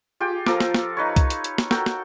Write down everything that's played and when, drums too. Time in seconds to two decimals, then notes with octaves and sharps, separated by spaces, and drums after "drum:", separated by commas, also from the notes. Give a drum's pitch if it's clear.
0.20 F4 G4 G#4 G5
0.47 F3 A4 A#4 D6, drum: snare
0.60 drum: snare
0.74 drum: snare
0.97 D#4 B4 C#5
1.16 drum: kick C2, hi-hat
1.30 drum: hi-hat
1.44 drum: hi-hat
1.58 drum: snare
1.71 F#4 A4 A#4 G5, drum: snare
1.86 drum: snare